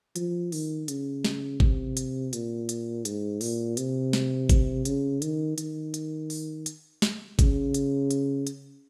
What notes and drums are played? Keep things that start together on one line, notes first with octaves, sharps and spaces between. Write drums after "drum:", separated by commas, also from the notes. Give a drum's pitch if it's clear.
F3, drum: hi-hat
D#3, drum: open hi-hat
C#3, drum: hi-hat
drum: snare
C3, drum: kick
drum: hi-hat
A#2, drum: hi-hat
drum: hi-hat
G#2, drum: hi-hat
A#2, drum: open hi-hat
C3, drum: hi-hat
drum: snare
drum: kick, hi-hat
C#3, drum: hi-hat
D#3, drum: hi-hat
D#3, drum: hi-hat
drum: hi-hat
drum: open hi-hat
drum: hi-hat
drum: snare
C#3, drum: kick, hi-hat
drum: hi-hat
drum: hi-hat
drum: hi-hat